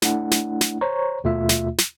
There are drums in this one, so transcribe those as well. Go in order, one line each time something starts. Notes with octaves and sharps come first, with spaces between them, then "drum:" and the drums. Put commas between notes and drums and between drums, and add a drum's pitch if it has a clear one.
A3 D4 E4 F#5, drum: snare
drum: snare
drum: snare
C5 C#5 A#5 C#6
D#2 B2 A3 F4 E5
drum: snare
drum: snare